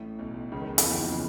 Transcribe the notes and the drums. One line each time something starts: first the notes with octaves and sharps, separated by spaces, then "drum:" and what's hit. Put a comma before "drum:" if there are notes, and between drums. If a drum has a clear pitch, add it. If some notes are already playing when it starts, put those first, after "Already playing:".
Already playing: A1 A2
B1 B2
C#2 C#3
D#2 D#3
E2 E3
F2 F3, drum: hi-hat
E2 E3
D#2 D#3
C#3